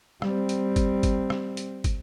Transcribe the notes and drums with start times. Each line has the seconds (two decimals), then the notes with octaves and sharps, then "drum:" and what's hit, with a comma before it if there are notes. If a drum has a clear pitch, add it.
0.22 G3 C4, drum: rim click
0.49 drum: hi-hat
0.76 drum: kick, hi-hat
1.03 drum: kick, hi-hat
1.30 drum: rim click
1.57 drum: hi-hat
1.84 drum: kick, hi-hat